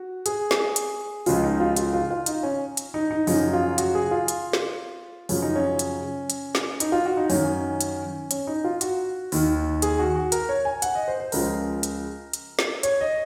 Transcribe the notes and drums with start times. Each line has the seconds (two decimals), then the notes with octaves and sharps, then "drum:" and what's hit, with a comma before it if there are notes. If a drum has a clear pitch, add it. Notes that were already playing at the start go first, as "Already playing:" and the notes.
Already playing: F#4
0.26 G#4, drum: hi-hat
0.51 drum: snare
0.76 drum: hi-hat
1.26 C#2 C#3 F3 F4, drum: open hi-hat
1.44 D#4
1.60 F4
1.77 F4, drum: hi-hat
1.93 F4
2.11 F4
2.26 D#4, drum: hi-hat
2.43 C#4
2.77 drum: hi-hat
2.94 D#4
3.11 D#4
3.27 F#2 C#3 F3 D#4, drum: open hi-hat
3.53 F4
3.78 F#4, drum: hi-hat
3.95 G#4
4.11 F4
4.28 drum: hi-hat
4.53 drum: snare
5.29 F#2 C#3 F3 C#4, drum: open hi-hat
5.42 D#4
5.56 C#4
5.79 drum: hi-hat
6.30 drum: hi-hat
6.55 drum: snare
6.80 D#4, drum: hi-hat
6.92 F4
7.06 F#4
7.17 D#4
7.30 F#2 D#3 C#4, drum: open hi-hat
7.81 drum: hi-hat
8.31 C#4, drum: hi-hat
8.47 D#4
8.64 F4
8.81 F#4, drum: hi-hat
9.32 D#2 D#3, drum: open hi-hat
9.82 G#4, drum: hi-hat
9.99 F#4
10.15 F#4
10.32 A#4, drum: hi-hat
10.49 C#5
10.65 G#5
10.82 F#5, drum: hi-hat
10.95 D#5
11.08 C5
11.20 C5
11.32 C#2 C#3 F3 A#4, drum: open hi-hat
11.83 drum: hi-hat
12.33 drum: hi-hat
12.59 drum: snare
12.83 C#5, drum: hi-hat
13.01 D#5